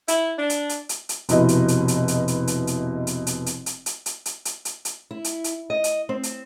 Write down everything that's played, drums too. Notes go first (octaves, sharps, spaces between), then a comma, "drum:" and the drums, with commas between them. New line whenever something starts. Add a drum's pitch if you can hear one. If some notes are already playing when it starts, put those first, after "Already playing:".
E4, drum: hi-hat
D4
drum: hi-hat
drum: hi-hat
drum: hi-hat
drum: hi-hat
F1 B2 E4 D#5, drum: hi-hat
drum: hi-hat
drum: hi-hat
drum: hi-hat
drum: hi-hat
drum: hi-hat
drum: hi-hat
drum: hi-hat
drum: hi-hat
drum: hi-hat
drum: hi-hat
drum: hi-hat
drum: hi-hat
drum: hi-hat
drum: hi-hat
drum: hi-hat
drum: hi-hat
drum: hi-hat
E4
drum: hi-hat
drum: hi-hat
D#5
drum: hi-hat
C4
drum: hi-hat